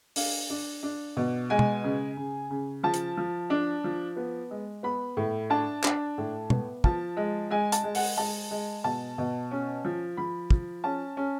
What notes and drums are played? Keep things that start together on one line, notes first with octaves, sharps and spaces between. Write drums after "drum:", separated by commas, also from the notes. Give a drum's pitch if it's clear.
D4 F5, drum: open hi-hat
D4
D4
B2
G#3 G#5
drum: tom
C#3
C#3
C#3
F3 A5
drum: hi-hat
F3
D4
F3
B3
G#3
B3 B5
A2
D4 A5
D4, drum: clap
A2
B3, drum: tom
F3 A5, drum: kick
G#3
G#3 G#5
A5, drum: hi-hat
G#3
F#5, drum: open hi-hat
G#3 A5
G#3
B2 A5
B2
C#4
F3
F3 B5
F3, drum: kick
C#4 A5
C#4